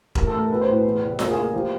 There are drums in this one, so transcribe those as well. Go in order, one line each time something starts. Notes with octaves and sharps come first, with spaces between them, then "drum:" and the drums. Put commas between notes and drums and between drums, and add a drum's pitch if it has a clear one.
A1 A#4, drum: kick E1
A4
A3
A#4
B1 B4
C5
A2 B4
E2
F1
A#3 A#4, drum: snare F4
G#4
A#3
G#4
F3 G4